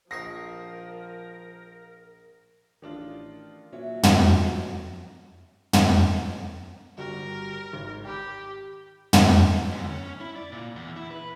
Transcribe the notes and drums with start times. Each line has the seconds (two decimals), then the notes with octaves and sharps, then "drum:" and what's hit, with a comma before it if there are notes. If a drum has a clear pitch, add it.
0.11 A#1 F3 D#4 A#4 C#6 A#6 C7
2.82 A1 D#3 D4 F4
3.73 A#2 F#3 C#4 E5
4.03 drum: tom
4.25 F3
5.73 drum: tom
6.98 G1 F#4 G4 A#4
7.73 G#1
8.05 G4 G5 B5 D6
9.13 drum: tom
9.72 D2
9.90 C#4
10.20 E4
10.36 D5
10.52 A#2
10.76 E2
10.96 E4
11.11 B4